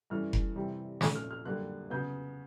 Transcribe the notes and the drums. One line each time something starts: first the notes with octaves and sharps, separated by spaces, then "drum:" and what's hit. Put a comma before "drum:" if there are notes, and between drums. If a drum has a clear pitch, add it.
G2 E3 A3 C#4 F6
drum: kick F1
C3 E3 G3 C4
A#2 F3 A3 C#4, drum: snare
F6
F6
F#2 D3 G3 A#3 F#6
C#3 F#3 B3 G6